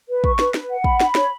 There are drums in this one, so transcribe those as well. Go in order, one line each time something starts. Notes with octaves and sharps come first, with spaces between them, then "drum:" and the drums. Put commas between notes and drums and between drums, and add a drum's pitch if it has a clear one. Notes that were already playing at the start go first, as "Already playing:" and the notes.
B4
C#6, drum: kick
B4, drum: snare
B4, drum: snare
F#5
B5, drum: kick
B5, drum: snare
C#5, drum: snare